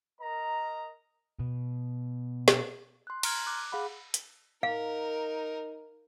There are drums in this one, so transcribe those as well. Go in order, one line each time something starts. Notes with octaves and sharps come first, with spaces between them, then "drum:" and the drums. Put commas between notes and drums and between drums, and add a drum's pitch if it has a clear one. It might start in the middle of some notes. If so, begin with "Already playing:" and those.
A#4 D#5 A#5
B2
drum: snare
C6 F#6
A#5 C6 F6 G#6, drum: cymbal
D6 F#6
G#4 F5 F#5 B5
drum: hi-hat
D#4 A#4 F5